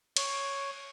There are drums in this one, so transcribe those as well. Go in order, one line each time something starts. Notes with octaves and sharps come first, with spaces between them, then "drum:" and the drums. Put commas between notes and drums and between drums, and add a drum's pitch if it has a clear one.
C#5, drum: cymbal